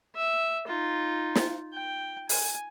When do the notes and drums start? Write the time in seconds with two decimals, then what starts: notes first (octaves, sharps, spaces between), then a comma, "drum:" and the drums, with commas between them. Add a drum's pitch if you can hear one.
0.16 E5
0.66 D#4 F4
1.35 drum: snare
1.73 G5
2.29 G#5, drum: open hi-hat